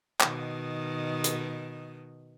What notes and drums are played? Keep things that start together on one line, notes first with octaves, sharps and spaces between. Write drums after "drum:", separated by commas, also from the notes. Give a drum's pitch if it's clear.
B2 D#3, drum: clap
drum: hi-hat